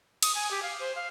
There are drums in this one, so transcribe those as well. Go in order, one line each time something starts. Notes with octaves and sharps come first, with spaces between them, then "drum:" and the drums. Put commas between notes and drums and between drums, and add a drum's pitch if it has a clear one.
D#6, drum: cymbal
G#5
G4
F5
C5
F5